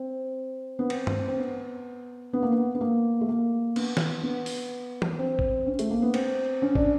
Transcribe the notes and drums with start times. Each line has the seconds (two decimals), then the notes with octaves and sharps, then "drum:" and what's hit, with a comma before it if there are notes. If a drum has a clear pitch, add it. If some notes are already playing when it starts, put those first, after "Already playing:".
Already playing: C4
0.79 B3
0.90 C4, drum: cymbal
1.07 drum: tom G2
1.28 C4
1.38 B3
2.33 B3
2.42 A#3
2.52 B3
2.75 B3
2.81 A#3
3.21 A3
3.29 A#3
3.76 B3, drum: cymbal
3.97 drum: snare
4.23 B3
4.46 drum: open hi-hat
5.02 drum: tom
5.19 C4
5.39 drum: kick A1
5.67 C#4
5.79 A3, drum: hi-hat
5.91 A#3
6.02 B3
6.14 C4, drum: cymbal
6.62 C#4
6.75 D4, drum: kick A1